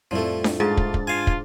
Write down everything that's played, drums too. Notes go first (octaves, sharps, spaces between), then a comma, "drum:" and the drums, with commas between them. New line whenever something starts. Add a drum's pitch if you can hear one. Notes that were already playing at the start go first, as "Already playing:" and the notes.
F2 A2 F3 G3 A3
drum: snare D4
G#2 D4 F4 A6
drum: kick
drum: kick
F4 F5 G#5
drum: kick